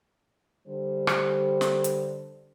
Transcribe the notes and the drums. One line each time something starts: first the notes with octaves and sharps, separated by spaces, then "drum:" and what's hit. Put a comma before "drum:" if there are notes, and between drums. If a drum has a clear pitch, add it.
D3 G3 C5
drum: rim click
drum: snare
drum: hi-hat